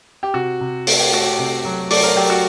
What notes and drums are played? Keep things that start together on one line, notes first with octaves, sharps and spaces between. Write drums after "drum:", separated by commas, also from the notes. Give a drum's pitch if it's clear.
G4
C3 F#4
C3
A3, drum: open hi-hat
G4
A3 F#4
G4
C3
F#3
A3 D5, drum: open hi-hat
A#4
F#3 G4
F#4